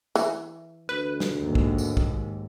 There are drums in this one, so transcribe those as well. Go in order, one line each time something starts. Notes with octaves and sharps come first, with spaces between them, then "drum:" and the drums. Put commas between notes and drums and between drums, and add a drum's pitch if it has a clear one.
E3, drum: tambourine
D2 B4
drum: snare
D#2 G#2
drum: kick
drum: tambourine
drum: kick